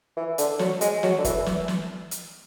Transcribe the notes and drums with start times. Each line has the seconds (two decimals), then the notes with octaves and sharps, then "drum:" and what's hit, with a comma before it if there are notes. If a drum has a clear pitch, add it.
0.17 E3
0.38 D3, drum: hi-hat
0.59 F#3, drum: snare
0.81 G#3, drum: hi-hat
1.03 F#3, drum: snare
1.18 D3
1.25 E3, drum: kick F#1, hi-hat
1.46 E3, drum: snare
1.68 drum: snare
2.11 drum: hi-hat